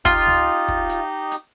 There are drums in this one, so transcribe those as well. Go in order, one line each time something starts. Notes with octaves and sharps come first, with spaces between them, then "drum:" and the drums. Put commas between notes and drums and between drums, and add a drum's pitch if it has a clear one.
D#4 F4 G4 D#5, drum: kick, hi-hat
drum: tom C#2
drum: kick
drum: hi-hat
drum: hi-hat